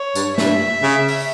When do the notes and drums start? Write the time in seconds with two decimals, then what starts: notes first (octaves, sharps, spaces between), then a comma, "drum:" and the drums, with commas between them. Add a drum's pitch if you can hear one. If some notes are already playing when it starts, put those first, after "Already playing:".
Already playing: C#5
0.15 G2, drum: tambourine
0.38 G2 E5, drum: snare
0.83 C#3
1.08 drum: open hi-hat